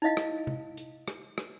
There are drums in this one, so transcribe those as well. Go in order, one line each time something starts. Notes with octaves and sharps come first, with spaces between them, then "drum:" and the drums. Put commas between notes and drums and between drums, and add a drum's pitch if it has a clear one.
D#4 E4 D#5 F5
drum: rim click
drum: tom C3
drum: hi-hat
drum: rim click
drum: rim click